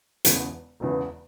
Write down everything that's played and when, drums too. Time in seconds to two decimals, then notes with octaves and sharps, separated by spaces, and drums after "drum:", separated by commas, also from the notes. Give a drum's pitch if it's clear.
0.25 E1 E2 C#3 E3 B3, drum: hi-hat
0.80 E1 E2 C#3 E3 B3